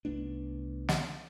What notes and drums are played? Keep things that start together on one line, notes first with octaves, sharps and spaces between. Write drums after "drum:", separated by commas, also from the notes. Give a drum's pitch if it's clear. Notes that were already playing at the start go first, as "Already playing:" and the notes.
C2 A3 B3 D4
drum: snare